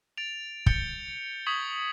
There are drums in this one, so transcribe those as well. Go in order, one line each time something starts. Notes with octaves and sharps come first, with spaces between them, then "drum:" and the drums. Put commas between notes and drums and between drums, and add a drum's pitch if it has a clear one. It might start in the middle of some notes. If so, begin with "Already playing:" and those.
A6 D7 F7
G6 A6 C#7 G7, drum: kick
C#6 D#6 G#6 B6 F#7